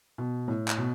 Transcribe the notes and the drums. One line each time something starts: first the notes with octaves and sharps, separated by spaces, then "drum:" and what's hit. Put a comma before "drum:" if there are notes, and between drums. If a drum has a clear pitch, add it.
B2
A2
drum: clap
B2